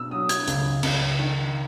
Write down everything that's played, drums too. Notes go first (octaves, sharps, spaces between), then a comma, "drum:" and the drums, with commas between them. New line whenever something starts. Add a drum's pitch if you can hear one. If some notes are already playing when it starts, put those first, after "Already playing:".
Already playing: B2 E6
F#3 D#6
G#6, drum: hi-hat
C#2, drum: hi-hat
C#2, drum: cymbal
D#3